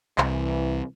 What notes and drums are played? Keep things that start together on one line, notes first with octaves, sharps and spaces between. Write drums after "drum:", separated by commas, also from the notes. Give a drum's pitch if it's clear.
C2 E3, drum: clap